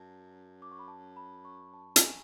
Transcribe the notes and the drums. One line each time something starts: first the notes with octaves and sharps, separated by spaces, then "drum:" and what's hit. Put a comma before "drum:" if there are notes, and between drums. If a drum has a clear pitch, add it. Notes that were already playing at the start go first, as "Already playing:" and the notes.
Already playing: F#2 A5
D6
C#6
B5
A5
B5
C#6
A5
G#5, drum: hi-hat